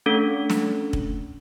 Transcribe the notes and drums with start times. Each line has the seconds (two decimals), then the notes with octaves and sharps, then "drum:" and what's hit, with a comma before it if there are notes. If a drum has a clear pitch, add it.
0.06 A3 C#4 D4 A4
0.50 drum: snare
0.93 drum: kick